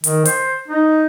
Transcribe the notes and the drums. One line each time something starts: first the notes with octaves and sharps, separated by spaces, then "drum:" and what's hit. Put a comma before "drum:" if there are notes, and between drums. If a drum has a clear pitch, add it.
D#3, drum: hi-hat
C5, drum: hi-hat
D#4